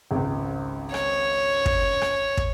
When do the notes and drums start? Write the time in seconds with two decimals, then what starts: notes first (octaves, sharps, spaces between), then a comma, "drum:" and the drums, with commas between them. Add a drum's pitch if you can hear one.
0.11 G#1 C#2
0.94 C#5, drum: rim click
1.66 drum: kick
2.02 drum: rim click
2.37 drum: kick